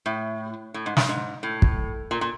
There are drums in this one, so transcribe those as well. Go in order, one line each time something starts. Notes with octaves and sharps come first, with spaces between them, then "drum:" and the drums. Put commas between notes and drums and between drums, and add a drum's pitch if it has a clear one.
A2
A2
G#2
G2, drum: snare
G#2
A2
drum: kick
A#2
A#2